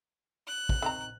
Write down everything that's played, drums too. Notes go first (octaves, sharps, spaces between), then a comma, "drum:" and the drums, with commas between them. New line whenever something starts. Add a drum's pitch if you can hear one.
F#6
drum: kick
D#3 C4 A#5